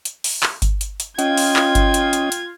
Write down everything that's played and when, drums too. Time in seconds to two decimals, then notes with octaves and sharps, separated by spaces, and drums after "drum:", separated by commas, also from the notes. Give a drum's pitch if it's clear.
0.05 drum: hi-hat
0.24 drum: open hi-hat
0.43 drum: clap
0.62 drum: kick G1, hi-hat
0.81 drum: hi-hat
1.00 drum: hi-hat
1.19 C#4 F4 D#5 G5 G#6, drum: hi-hat
1.37 drum: open hi-hat
1.56 drum: clap
1.75 drum: kick G1, hi-hat
1.94 drum: hi-hat
2.13 drum: hi-hat
2.32 drum: hi-hat